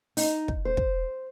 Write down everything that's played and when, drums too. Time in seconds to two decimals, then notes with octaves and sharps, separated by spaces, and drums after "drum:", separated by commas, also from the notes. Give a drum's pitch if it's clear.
0.17 D#4, drum: open hi-hat
0.48 drum: kick
0.65 C5
0.77 drum: kick